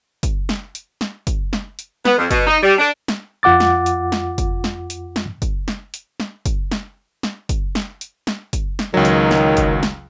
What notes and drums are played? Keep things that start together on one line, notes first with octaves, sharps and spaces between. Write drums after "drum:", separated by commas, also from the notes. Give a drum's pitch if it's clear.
drum: kick, hi-hat
drum: snare
drum: hi-hat
drum: snare
drum: kick, hi-hat
drum: snare
drum: hi-hat
B3, drum: snare
F2
B2, drum: kick, hi-hat
D#4
G3
D4
drum: snare
F2 F4 F#5 D6 A6
drum: snare
drum: hi-hat
drum: snare
drum: kick, hi-hat
drum: snare
drum: hi-hat
drum: snare
drum: kick, hi-hat
drum: snare
drum: hi-hat
drum: snare
drum: kick, hi-hat
drum: snare
drum: snare
drum: kick, hi-hat
drum: snare
drum: hi-hat
drum: snare
drum: kick, hi-hat
drum: snare
C#2 D#3 F#3
drum: hi-hat
drum: snare
drum: kick, hi-hat
drum: snare